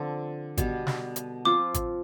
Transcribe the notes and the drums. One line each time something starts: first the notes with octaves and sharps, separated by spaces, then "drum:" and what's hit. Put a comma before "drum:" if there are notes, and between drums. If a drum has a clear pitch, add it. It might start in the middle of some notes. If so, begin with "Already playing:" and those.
Already playing: D3 F3 C4
B2 G3 B3, drum: kick G#1, hi-hat
drum: snare
drum: hi-hat
F3 C4 F4 D6
drum: kick G#1, hi-hat